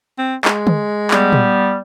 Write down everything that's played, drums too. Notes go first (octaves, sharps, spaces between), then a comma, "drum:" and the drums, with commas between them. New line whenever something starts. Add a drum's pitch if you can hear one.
C4
G#3, drum: clap
drum: tom D3
G3 B3, drum: clap
drum: tom A#2